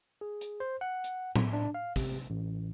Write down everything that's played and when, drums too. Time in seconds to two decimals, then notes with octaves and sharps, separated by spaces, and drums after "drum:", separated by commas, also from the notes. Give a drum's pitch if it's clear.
0.21 G#4
0.41 drum: hi-hat
0.60 C5
0.81 F#5
1.04 drum: hi-hat
1.36 drum: tom A2
1.53 D4
1.74 F5
1.96 C3, drum: kick, hi-hat
2.30 A1